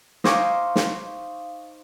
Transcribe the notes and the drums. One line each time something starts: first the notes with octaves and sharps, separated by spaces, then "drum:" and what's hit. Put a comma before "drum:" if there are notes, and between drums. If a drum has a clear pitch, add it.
D#4 C5 F5 G#5 C#6 D6, drum: snare
drum: snare